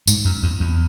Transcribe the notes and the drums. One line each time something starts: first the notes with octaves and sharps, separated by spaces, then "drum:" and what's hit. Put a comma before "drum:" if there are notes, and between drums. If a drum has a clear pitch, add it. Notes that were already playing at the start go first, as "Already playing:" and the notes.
G#2, drum: tambourine
F#2
E2
E2